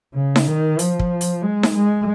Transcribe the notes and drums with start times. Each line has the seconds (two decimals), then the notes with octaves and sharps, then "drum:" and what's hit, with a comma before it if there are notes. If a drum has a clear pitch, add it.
0.14 C#3
0.36 drum: snare D#4
0.46 D#3
0.79 F3, drum: hi-hat
0.99 drum: kick
1.21 drum: hi-hat
1.42 G#3
1.63 drum: snare D#4
1.74 G#3